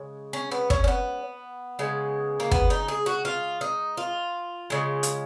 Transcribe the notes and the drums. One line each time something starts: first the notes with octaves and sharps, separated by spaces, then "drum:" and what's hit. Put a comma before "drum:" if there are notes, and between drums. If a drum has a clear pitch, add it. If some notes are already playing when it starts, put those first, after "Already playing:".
Already playing: C#3 G#3
C#4
B3
C#4, drum: kick
C#4
B3
C#3 G#3
A#3
B3, drum: kick
D#4
G#4
F#4
F4
D#4
F4
C#3 G#3
drum: hi-hat